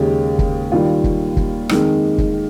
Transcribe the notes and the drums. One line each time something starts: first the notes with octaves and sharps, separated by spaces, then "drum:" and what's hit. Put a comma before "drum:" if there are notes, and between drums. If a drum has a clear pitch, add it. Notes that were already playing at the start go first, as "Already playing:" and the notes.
Already playing: D#2 C#3 G#3 G4
drum: kick
D#2 D#3 G3 F4
drum: kick
drum: kick
F2 D#3 G#3, drum: rim click
drum: kick